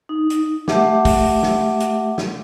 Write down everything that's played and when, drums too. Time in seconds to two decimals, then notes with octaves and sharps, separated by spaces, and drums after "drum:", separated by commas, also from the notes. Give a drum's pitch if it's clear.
0.09 D#4
0.30 drum: hi-hat
0.68 A3 G4 E5 F#5 D6, drum: snare
1.05 drum: kick, open hi-hat
1.43 drum: snare
1.80 drum: hi-hat
2.18 drum: snare